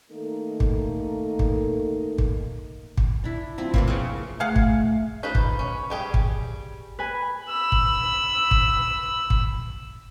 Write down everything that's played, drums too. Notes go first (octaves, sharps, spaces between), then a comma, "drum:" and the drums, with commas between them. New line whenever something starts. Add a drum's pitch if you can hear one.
D#3 A3 A#3 D#4 A4
drum: kick
drum: kick
drum: kick
drum: kick
D4 E4
F3 C4 E4
C3 E3 A#3, drum: kick
C#3
A3 G#4 F5 F#5
drum: kick
D#4 F4 B4 C5
drum: kick
C#4
G3 G4 G#4
drum: kick
B4 G#5
B5 E6
drum: kick
drum: kick
drum: kick